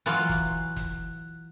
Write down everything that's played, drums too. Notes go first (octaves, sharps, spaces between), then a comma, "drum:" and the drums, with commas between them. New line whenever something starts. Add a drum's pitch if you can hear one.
E3 F#3 F4 F#6
drum: kick F#1, hi-hat
drum: kick F#1, hi-hat